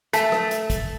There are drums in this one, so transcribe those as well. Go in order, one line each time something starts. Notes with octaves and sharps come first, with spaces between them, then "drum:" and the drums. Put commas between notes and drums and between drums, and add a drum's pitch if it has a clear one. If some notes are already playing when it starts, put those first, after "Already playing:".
A3 A5 B6, drum: hi-hat
drum: rim click
drum: hi-hat
drum: kick, hi-hat